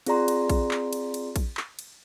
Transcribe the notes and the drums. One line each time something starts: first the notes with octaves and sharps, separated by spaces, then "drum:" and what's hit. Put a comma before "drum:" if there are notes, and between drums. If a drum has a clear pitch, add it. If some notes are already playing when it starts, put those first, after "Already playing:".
C4 F4 G#4 D5 A#5 C6, drum: cymbal
drum: cymbal
drum: kick A#1, cymbal
drum: clap
drum: cymbal
drum: cymbal
drum: kick A#1, cymbal
drum: clap
drum: cymbal